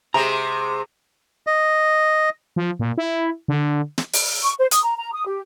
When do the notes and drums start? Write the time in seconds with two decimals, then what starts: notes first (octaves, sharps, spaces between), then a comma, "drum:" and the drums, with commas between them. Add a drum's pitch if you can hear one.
0.14 C3 G#3 A#5 C6
1.47 D#5
2.56 F3
2.79 A#2
2.98 E4
3.48 D3
3.98 drum: snare
4.13 drum: open hi-hat
4.43 C#6
4.59 C5
4.71 D#6, drum: hi-hat
4.83 A#5
4.97 A#5
5.12 D#6
5.26 G4